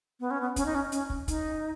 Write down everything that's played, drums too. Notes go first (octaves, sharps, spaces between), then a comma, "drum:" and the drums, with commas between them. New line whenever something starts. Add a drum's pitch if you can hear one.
B3
C#4
B3
C#4, drum: kick, hi-hat
D#4
C#4
C#4, drum: hi-hat
drum: kick
D#4, drum: kick, hi-hat